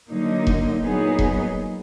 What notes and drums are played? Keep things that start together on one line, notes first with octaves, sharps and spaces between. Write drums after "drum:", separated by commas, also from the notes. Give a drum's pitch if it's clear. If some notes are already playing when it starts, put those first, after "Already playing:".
D3 F#3 A#3 D#4
drum: kick E1
A#2 F#3 B3 D#4 G#4
drum: kick E1